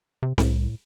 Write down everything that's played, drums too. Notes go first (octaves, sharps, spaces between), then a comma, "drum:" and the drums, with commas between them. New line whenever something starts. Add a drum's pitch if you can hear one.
C3
C2 A2, drum: snare C4